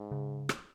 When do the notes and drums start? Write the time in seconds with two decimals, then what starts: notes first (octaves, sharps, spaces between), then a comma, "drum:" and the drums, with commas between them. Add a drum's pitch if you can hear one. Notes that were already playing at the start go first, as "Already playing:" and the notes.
Already playing: G#2
0.11 C#3
0.49 drum: rim click